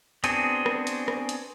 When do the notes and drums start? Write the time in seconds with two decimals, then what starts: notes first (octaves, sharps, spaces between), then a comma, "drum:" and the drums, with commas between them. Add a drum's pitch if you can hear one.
0.24 B3 C4 D4 F#4 G#4, drum: hi-hat
0.66 drum: rim click
0.87 drum: hi-hat
1.08 drum: rim click
1.29 drum: hi-hat